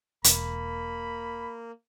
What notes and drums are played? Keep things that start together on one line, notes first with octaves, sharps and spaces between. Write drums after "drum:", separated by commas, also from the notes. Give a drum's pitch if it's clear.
E1 A#3 B5, drum: hi-hat